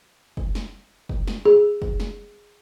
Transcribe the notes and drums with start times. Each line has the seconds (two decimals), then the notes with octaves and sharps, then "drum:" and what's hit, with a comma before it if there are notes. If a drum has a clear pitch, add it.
0.37 drum: kick
0.55 drum: snare
1.09 drum: kick
1.27 drum: snare
1.46 G#4
1.82 drum: kick
2.00 drum: snare